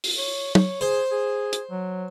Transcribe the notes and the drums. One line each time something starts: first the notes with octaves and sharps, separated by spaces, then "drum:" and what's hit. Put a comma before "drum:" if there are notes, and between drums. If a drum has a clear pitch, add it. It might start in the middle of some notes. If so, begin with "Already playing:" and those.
drum: open hi-hat
C#5
C#5, drum: tom
G#4 C5
G#4
drum: hi-hat
F#3